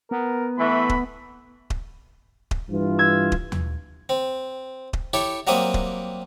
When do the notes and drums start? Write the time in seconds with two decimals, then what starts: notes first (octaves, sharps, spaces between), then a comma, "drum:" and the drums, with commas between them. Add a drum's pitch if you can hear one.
0.11 B3 A#4
0.59 E3 A3 B5
0.89 drum: kick D#1
1.70 drum: kick D#1
2.51 drum: kick D#1
2.68 G2 E3 F4
2.99 E6 G#6
3.32 drum: kick D#1
3.52 drum: tom D#2
4.09 C4
4.93 drum: kick D#1
5.13 E4 G4 A4 C#5
5.47 F#3 G3 A#3 C4 E5 D#6
5.74 drum: kick D#1